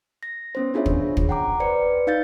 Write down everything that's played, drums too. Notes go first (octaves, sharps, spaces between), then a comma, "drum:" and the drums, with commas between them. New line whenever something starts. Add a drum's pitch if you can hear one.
A#6
B3 C#4 C5
D4 F4 G#4 C#5 E5
drum: kick
drum: kick
F#5 G5 A#5 D6
B4 C5 D5 C#7
D#4 F5 G6 A6